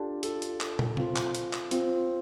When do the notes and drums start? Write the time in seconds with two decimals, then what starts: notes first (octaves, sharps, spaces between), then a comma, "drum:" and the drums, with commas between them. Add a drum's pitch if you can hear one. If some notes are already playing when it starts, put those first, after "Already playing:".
Already playing: D4 F4 G4 A4
0.23 F4 A4, drum: hi-hat
0.42 drum: hi-hat
0.61 drum: clap
0.79 drum: tom
0.97 C4 F4, drum: tom C3
1.16 drum: clap
1.35 drum: hi-hat
1.53 drum: clap
1.71 C4 F4, drum: hi-hat